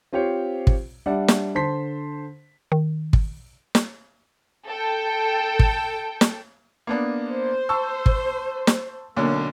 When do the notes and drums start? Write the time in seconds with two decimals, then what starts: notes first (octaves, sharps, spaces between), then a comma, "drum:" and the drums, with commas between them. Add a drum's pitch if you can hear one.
0.13 C4 F4 G4 C5 C#5
0.67 drum: kick
1.06 G3 D4 D5 E5 F#5
1.28 drum: snare
1.55 D3 C5 A5 C6 B6
2.72 D#3
3.13 drum: kick
3.75 drum: snare
4.67 A4 G5
5.59 drum: kick
6.21 drum: snare
6.87 A#3 B3 D4
7.28 C5
7.69 A5 C#6 E6
8.06 drum: kick
8.67 drum: snare
9.17 B1 D3 A#3 C#4